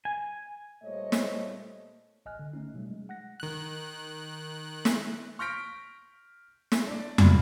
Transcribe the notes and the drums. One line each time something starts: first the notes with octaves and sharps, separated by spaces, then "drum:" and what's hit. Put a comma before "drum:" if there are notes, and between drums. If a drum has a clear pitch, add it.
G#5
A#2 G3 A3 C5 C#5 D#5
drum: snare
A1 D#5 G#5 F6 F#6
D3
A3 C#4 D#4
B2 F#3 G3 A3
G#3
F#5 F#6 A#6
D#3 F#6
drum: snare
C#6 F6 G6 A#6 B6 D7
drum: snare
D4 D5
F4 D5 B5, drum: tom F2